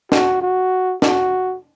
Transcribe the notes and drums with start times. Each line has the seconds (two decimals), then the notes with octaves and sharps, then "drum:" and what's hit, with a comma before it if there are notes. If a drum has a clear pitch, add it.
0.12 F#4, drum: snare
0.41 F#4
1.02 F#4, drum: snare